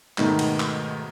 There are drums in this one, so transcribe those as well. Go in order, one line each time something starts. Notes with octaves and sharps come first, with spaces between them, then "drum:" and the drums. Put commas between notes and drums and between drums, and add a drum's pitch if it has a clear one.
G#2 B2 D#3 A3 B3 D#4, drum: clap
drum: cymbal
drum: clap